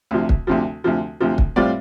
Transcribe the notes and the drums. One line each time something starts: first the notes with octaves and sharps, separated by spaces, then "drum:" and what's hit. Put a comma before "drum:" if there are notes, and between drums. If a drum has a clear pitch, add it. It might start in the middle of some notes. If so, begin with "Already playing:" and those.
D2 C3 F3
drum: kick
D2 C3 F3
D2 C3 F3
D2 C3 F3
drum: kick
A2 G3 C4 F4 D5